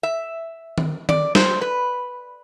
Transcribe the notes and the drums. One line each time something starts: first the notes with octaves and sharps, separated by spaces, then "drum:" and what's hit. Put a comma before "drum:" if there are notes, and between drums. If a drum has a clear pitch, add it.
E5
drum: tom D#3
D5, drum: tom D#3
C5, drum: snare
B4